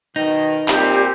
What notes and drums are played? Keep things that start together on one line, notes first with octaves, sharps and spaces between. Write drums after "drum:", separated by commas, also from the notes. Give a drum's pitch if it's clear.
B2 D#3 D#4, drum: hi-hat
A#2 G3 C4 G4, drum: clap
drum: hi-hat